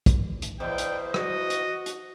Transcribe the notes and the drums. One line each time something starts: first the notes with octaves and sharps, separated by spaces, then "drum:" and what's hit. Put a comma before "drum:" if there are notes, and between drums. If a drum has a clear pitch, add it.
drum: kick, hi-hat
drum: hi-hat
E2 B2 C5 G5
drum: hi-hat
F#4 D#5, drum: rim click
drum: hi-hat
drum: hi-hat